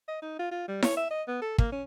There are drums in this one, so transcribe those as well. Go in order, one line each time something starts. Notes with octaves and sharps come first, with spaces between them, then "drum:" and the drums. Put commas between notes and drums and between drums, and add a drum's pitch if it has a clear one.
D#5
D#4
F4
F4
G3
C#5, drum: snare E4
E5
D#5
B3
A4
A#3, drum: kick
C#4